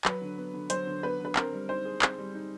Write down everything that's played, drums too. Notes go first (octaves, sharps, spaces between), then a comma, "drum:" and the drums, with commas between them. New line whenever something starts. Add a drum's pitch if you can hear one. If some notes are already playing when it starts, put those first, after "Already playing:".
F#3 B4, drum: clap
D3
B3
D3
F#3 C5, drum: hi-hat
D3
B3 B4
D3 B4
C4 A#4, drum: clap
G3
D#4 C5
G#4
C4, drum: clap
G3
D#4